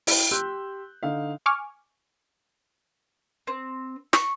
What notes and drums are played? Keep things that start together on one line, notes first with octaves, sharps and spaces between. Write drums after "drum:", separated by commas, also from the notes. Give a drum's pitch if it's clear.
E4 G5, drum: open hi-hat
G4 C6 E6 F#6 G6
D3 D#4 F5
G#5 C#6 D6 F6
C4
C#6, drum: snare